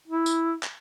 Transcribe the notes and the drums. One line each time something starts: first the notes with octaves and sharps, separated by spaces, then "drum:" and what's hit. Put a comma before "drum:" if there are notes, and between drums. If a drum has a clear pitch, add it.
E4
drum: tambourine
drum: clap